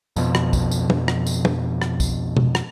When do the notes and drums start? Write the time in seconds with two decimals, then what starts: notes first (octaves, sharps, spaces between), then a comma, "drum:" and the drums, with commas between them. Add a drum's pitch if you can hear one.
0.16 F2 B2, drum: tambourine
0.35 drum: rim click
0.53 drum: kick, tambourine
0.71 drum: tambourine
0.90 drum: tom
1.08 drum: rim click
1.26 drum: tambourine
1.45 drum: tom
1.82 drum: rim click
2.00 drum: kick, tambourine
2.37 drum: tom
2.55 drum: rim click